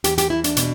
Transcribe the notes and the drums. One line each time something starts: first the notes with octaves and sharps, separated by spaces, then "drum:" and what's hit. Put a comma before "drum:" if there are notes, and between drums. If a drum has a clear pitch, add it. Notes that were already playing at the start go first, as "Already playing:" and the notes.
E2 G4, drum: hi-hat
G4, drum: hi-hat
E2 E4
D4, drum: hi-hat
B2, drum: hi-hat